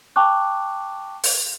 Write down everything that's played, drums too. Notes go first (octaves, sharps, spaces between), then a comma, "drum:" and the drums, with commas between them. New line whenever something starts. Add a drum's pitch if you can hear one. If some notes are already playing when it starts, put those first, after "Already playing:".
G5 A5 C#6 D6 F#6
drum: open hi-hat